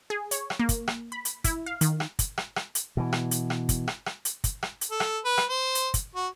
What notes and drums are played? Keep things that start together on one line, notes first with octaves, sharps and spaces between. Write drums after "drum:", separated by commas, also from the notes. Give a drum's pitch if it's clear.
G#4
C#5, drum: hi-hat
drum: rim click
A#3
drum: kick, hi-hat
drum: rim click
B5
drum: hi-hat
E4, drum: kick, hi-hat
F5
D#3, drum: hi-hat
drum: rim click
drum: kick, hi-hat
drum: rim click
drum: rim click
drum: hi-hat
B2 E3
drum: rim click
drum: hi-hat
drum: rim click
drum: kick, hi-hat
drum: rim click
drum: rim click
drum: hi-hat
drum: kick, hi-hat
drum: rim click
drum: hi-hat
A4
drum: rim click
B4
drum: rim click
C5
drum: hi-hat
drum: kick, hi-hat
F#4